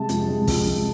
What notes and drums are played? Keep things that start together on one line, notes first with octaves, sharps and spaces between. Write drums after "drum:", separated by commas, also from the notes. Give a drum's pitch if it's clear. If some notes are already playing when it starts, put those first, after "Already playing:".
Already playing: C3 G#3 A5
F2, drum: hi-hat
C3 G#3
F2, drum: kick, open hi-hat
C3 G#3